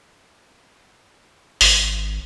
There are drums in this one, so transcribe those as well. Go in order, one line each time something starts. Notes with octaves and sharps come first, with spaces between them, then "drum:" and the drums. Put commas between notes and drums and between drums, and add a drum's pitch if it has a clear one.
G#1, drum: open hi-hat